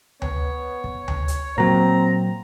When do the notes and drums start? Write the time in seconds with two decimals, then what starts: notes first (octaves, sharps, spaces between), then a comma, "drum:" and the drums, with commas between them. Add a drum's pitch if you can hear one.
0.22 B3 C#5, drum: tom D2
0.84 drum: kick
1.08 drum: tom D2
1.28 drum: hi-hat
1.58 A#2 F#3 C4 A#5